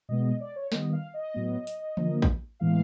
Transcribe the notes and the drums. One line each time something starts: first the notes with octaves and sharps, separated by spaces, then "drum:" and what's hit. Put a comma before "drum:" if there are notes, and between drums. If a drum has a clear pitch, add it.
B2 G#3 B3 D#5
D#5
D5
C#5
D#3 G3 B3 D#5, drum: snare
F5
D#5
A2 F#3 B3
drum: hi-hat
D3 F3 A#3, drum: tom E3
drum: kick
A2 E3 G#3 B3 F5